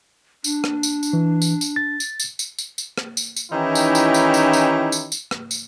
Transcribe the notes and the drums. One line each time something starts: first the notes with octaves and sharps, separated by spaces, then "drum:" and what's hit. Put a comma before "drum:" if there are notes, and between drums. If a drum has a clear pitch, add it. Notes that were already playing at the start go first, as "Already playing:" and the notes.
D4, drum: tambourine
drum: rim click
drum: tambourine
drum: tambourine
E3
drum: tambourine
drum: tambourine
A6
drum: tambourine
drum: tambourine
drum: tambourine
drum: tambourine
drum: tambourine
drum: rim click
drum: tambourine
drum: tambourine
D#3 E3 C#4 D#4 E4 G4
drum: tambourine
drum: tambourine
drum: tambourine
drum: tambourine
drum: tambourine
drum: tambourine
drum: tambourine
drum: rim click
drum: tambourine